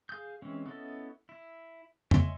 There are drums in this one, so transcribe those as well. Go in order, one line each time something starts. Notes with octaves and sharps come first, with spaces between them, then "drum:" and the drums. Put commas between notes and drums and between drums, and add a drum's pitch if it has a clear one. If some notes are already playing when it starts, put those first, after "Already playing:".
G#4 F5 G#5 D#6 G6
E3 G#3 C4 C#4
B3 C#4 E4 A4 D#5
E4
C#5 D#5 E5 G#5 C6, drum: tom F2